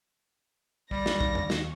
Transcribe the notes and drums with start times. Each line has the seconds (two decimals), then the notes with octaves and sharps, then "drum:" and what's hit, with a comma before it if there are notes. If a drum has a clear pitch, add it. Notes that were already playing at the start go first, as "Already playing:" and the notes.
0.91 D#2 G3 F5 C#6 A#6, drum: kick
1.06 drum: snare
1.21 drum: kick
1.35 drum: tom F2
1.50 drum: snare